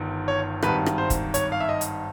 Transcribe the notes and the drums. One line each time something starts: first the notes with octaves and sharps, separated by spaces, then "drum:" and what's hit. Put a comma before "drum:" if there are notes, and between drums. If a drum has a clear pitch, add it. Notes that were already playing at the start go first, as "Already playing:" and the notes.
Already playing: G1 G2 D#3
C#5
G#1 G2 D#3 B4, drum: rim click
drum: rim click
C5
drum: kick, hi-hat
C#5, drum: hi-hat
F5
E5
D#5
drum: hi-hat